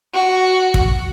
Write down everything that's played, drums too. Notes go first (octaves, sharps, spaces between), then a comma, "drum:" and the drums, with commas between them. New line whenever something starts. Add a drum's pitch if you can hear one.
F#4
drum: kick